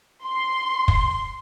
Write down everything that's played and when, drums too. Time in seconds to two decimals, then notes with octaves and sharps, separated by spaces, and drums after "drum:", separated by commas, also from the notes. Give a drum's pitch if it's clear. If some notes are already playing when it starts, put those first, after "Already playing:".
0.25 C6
0.88 drum: kick